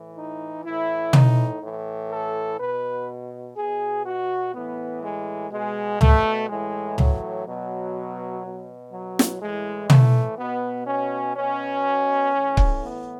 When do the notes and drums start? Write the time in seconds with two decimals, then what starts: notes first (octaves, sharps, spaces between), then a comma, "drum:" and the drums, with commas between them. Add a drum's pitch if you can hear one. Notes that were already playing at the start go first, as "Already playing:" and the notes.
Already playing: A2 E3
0.16 D#4
0.64 A2 E3 E4
1.13 D#4, drum: tom
1.62 A2 E3
2.11 A4
2.59 B2 B4
3.57 B2 G#4
4.05 F#4
4.54 A2 E3 B3
5.03 G#3
5.51 B2 G#3
6.01 A3, drum: tom C#2
6.49 A2 E3 G#3
6.98 F#3, drum: tom C#2
7.46 B2 F#3
8.44 B2
8.92 F#3
9.19 drum: snare
9.41 A2 E3 G#3
9.90 A3, drum: tom
10.39 B2 B3
10.87 C#4
11.35 B2 C#4
12.33 A2 E3
12.57 drum: kick C#1
12.82 B3